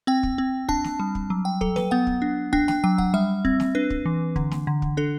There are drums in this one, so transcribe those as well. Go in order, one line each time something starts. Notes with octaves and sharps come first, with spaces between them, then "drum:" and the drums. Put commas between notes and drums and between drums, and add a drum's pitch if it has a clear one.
C4 G5
drum: kick
C4
D4 A5, drum: kick
drum: snare
G3
drum: kick
F#3
G5
F#3 A4, drum: kick
B4, drum: snare
B3 F#5
drum: kick
D4
D4 G5, drum: kick
G5, drum: snare
F#3 G5
F#5, drum: kick
G3 E5
C4, drum: kick
drum: snare
D4 B4
drum: kick
E3
D3, drum: kick
drum: snare
D3
drum: kick
D4 A4